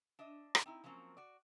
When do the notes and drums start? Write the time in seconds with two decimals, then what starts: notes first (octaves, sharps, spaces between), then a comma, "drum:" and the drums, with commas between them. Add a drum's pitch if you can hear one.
0.19 D4 D#5 E5
0.55 drum: rim click
0.66 C4 D#4 E4
0.84 F3 F#3 A#3 C4 C#4
1.17 F#4 D5